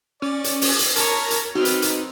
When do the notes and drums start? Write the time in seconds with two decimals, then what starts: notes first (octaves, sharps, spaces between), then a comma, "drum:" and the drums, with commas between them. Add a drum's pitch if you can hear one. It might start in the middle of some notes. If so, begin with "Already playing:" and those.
0.22 C#4 D5
0.44 drum: hi-hat
0.62 drum: open hi-hat
0.79 drum: hi-hat
0.96 A#4 C#5 A5 A#5, drum: hi-hat
1.30 drum: hi-hat
1.55 F#3 C4 D#4 F#4 B4 F6
1.65 drum: hi-hat
1.82 drum: hi-hat